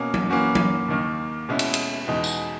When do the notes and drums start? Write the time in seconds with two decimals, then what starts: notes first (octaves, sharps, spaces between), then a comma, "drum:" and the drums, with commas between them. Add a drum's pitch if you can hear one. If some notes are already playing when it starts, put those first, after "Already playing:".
Already playing: B2 A#3 C#4
0.14 drum: tom F#3
0.30 E3 A#3 C#4 F#4
0.55 drum: tom F#3
0.88 D#2 D#3 A#3
1.49 B2 G#3 C#4 E4
1.59 drum: cymbal
1.74 drum: cymbal
2.08 E2 B2 G#3 D#4
2.24 drum: tambourine